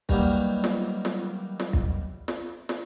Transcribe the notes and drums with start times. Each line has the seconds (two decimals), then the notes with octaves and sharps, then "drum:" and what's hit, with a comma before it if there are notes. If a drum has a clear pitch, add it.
0.09 D#3 F#3 G3 A#3 B3, drum: kick
0.64 drum: snare
1.05 drum: snare
1.60 drum: snare
1.73 drum: kick
2.28 drum: snare
2.69 drum: snare